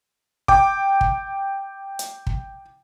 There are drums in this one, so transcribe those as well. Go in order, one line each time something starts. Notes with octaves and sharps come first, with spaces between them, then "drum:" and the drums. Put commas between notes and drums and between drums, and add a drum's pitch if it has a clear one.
G5 D6, drum: kick
drum: kick
drum: hi-hat
drum: kick